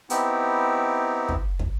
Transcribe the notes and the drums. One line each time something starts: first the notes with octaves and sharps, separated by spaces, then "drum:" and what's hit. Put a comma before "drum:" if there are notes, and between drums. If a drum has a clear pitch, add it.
B3 C4 D#4 E4 G4, drum: hi-hat
drum: kick
drum: kick